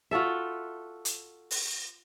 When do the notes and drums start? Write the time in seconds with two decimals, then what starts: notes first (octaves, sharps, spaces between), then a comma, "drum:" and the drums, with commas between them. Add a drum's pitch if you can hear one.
0.11 F4 F#4 A4 E5
1.05 drum: hi-hat
1.51 drum: open hi-hat